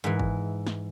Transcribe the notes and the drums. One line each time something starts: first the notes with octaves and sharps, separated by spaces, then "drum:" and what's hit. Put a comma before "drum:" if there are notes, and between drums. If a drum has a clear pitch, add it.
G#2 E3
drum: kick
drum: snare